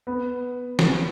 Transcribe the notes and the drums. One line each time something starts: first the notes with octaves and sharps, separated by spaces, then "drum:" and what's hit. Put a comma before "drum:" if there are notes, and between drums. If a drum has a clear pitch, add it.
B3
drum: snare